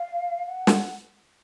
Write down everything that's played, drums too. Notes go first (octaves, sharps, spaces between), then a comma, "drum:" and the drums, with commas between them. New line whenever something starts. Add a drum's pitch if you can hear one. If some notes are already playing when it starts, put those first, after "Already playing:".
Already playing: F5
F#5
drum: snare